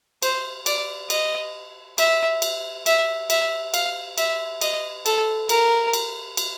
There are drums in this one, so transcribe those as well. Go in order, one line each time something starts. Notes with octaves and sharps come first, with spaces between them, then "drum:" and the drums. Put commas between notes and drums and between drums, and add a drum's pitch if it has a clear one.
C5, drum: cymbal
D5, drum: cymbal
D#5, drum: cymbal
E5, drum: cymbal
drum: cymbal
E5, drum: cymbal
E5, drum: cymbal
F5, drum: cymbal
E5, drum: cymbal
D#5, drum: cymbal
A4, drum: cymbal
A#4, drum: cymbal
drum: cymbal
drum: cymbal